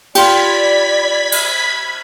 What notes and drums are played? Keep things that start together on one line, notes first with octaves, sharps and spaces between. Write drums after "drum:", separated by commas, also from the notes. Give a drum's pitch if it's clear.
F4 G4 D5 B5 G#6 B6, drum: cymbal
drum: cymbal